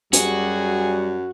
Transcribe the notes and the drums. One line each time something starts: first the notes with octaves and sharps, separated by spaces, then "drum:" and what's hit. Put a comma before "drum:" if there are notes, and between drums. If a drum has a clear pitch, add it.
F#2 G3 F#4 G#4, drum: hi-hat